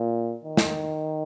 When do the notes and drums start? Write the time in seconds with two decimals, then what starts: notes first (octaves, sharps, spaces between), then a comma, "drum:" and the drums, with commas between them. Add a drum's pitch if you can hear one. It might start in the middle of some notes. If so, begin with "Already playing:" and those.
Already playing: A#2
0.44 D#3
0.57 drum: snare